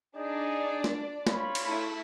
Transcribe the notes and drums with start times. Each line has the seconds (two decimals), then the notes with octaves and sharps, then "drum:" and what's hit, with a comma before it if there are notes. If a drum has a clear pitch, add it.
0.17 D4 D#4 G#4 D5
0.84 drum: snare
1.27 F4 C#5 B5, drum: snare
1.55 drum: cymbal
1.65 A3 E4